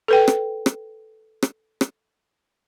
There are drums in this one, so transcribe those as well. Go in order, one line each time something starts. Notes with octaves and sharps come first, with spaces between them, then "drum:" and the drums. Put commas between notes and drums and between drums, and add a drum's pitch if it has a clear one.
A4 B4 G5
drum: rim click
drum: rim click
drum: rim click
drum: rim click